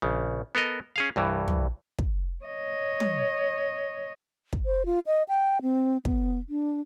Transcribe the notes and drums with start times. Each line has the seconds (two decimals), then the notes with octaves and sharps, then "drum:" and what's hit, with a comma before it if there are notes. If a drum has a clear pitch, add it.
0.02 A#1 C#3
0.55 B3 A4 A#4 D#5
0.96 C#4 G#4 F5
1.16 C2 G2 E3
1.48 drum: tom
1.99 drum: kick
2.45 C#5 D#5
3.00 drum: tom
4.53 drum: kick
4.66 C5
4.86 F4
5.06 D#5
5.29 G5
5.62 C4
6.05 B3, drum: kick
6.49 D4